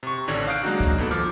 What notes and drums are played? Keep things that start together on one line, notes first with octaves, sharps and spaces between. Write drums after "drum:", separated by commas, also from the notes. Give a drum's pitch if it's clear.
C3 C#6
A1 D3 D#3 C#4 D4 G#6, drum: cymbal
F5 D#6 F#6 G6 D7
F#3 G#3 A#3 D4 D#4 F#4
drum: kick
G1 B3 A4
D#3 F3 D6 F6, drum: hi-hat